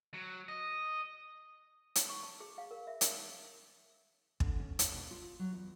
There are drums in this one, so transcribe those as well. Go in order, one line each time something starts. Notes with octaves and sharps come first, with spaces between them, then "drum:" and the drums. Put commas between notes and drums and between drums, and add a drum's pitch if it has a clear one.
F#3
D#5
drum: hi-hat
C#6
A5
G#4
F5
A#4
E5
A#4, drum: hi-hat
D3, drum: kick
C#4
F5, drum: hi-hat
B2
F4
F#3
E2